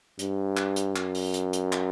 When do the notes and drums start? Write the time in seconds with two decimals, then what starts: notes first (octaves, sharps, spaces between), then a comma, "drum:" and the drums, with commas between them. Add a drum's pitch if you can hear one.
0.19 G2, drum: hi-hat
0.57 drum: clap
0.76 drum: hi-hat
0.96 F#2, drum: clap
1.15 drum: open hi-hat
1.34 drum: hi-hat
1.53 drum: hi-hat
1.73 drum: clap